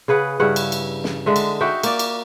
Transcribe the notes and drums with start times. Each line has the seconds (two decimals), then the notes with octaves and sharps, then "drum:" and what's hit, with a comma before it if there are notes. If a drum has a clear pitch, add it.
0.08 C#3 G#4 B4 F#5
0.40 G2 C#3 E4 F#5
0.56 drum: cymbal
0.72 drum: cymbal
1.04 drum: snare
1.26 D3 G#3 E5
1.36 drum: cymbal
1.61 D#4 F#4 E5 G5
1.83 A#3 D5, drum: cymbal
1.99 drum: cymbal